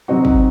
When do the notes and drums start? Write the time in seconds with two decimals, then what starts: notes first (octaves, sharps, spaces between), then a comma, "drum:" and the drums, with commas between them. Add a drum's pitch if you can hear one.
0.08 C3 F#3 C4 D#4 F#4
0.25 drum: kick G#1